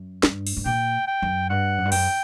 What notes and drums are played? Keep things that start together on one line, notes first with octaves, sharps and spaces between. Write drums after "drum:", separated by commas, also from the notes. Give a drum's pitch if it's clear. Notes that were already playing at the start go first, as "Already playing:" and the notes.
Already playing: F#2
G2, drum: snare
drum: open hi-hat
G2
A#2 G5
G5
F#2
G2 F#5
F#2
G2
F#2 G5, drum: open hi-hat